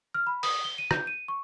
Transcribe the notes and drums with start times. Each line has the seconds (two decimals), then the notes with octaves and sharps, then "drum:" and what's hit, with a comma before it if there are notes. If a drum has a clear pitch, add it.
0.14 F6
0.27 B5
0.43 D#6, drum: open hi-hat
0.64 G7
0.78 D#7
0.91 G6, drum: rim click
1.07 D#7
1.28 C#6